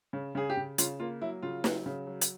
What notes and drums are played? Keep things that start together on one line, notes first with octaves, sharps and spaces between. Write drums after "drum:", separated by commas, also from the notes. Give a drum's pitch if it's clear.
C#3
C#3 G#4
G4
C#3
C#3 F4, drum: hi-hat
A#3 F4
F#3 E4
C#3 F4
F#3, drum: snare
C#3
F#3
drum: hi-hat